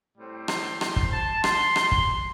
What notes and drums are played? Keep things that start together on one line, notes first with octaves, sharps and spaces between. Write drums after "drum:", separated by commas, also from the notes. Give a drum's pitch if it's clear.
A2 G3 C4
C6, drum: rim click
C6, drum: rim click
drum: kick
A5
C6, drum: rim click
drum: rim click
drum: kick